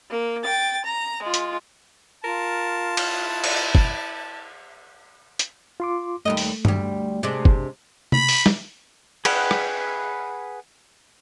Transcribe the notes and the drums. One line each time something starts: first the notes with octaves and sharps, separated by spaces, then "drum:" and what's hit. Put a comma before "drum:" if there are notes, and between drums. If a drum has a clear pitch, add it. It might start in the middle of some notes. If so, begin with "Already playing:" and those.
A#3
G5 A6
A#5
G#3 F4
drum: hi-hat
F4 A#4 A5
E4, drum: cymbal
drum: cymbal
drum: kick
drum: hi-hat
F4 C6 D6
D#2 G3 A3 D#5
drum: open hi-hat
D2 G3, drum: tom G2
C3 G#3 D4
drum: kick
B5, drum: tom C3
drum: open hi-hat
drum: snare
G#4 B4 F#5 G5, drum: cymbal
drum: rim click